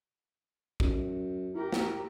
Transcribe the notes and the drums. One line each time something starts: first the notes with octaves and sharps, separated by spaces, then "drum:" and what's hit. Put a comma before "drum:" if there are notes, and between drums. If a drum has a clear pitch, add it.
F#2, drum: kick
E4 G4 A#4
drum: snare